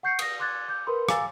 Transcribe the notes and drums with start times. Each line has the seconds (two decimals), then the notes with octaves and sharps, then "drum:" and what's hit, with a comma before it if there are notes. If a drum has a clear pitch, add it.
0.03 F#5 C#6 G6 C7 C#7
0.19 D#6 A#6, drum: cymbal
0.39 C6 D6 F#6 G#6 A6
0.68 D6 G6
0.87 A#4 B4 B5 C6
1.09 F5 G#5 A#5 D6 E6 A6, drum: rim click